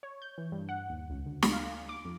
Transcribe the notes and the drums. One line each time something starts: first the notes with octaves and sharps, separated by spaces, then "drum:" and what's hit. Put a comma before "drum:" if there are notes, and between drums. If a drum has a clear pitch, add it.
C#5
G6
E3
G2
F#5
D#2
C#2
D2
drum: snare
F5
D6
F2